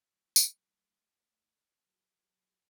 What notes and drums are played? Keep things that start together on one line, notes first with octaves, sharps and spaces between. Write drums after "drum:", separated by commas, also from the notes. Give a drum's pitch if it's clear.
F#3 A3 E4 B4
drum: tambourine
A3 D#4 D5 F#5
F#3 F4 G4 G#4 B4 F5